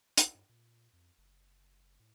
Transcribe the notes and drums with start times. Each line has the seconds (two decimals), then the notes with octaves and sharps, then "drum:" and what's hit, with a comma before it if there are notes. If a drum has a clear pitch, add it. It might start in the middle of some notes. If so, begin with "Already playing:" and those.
0.17 B1, drum: hi-hat
0.35 G2
0.49 A#2
0.93 F2
1.18 F#1
2.00 A2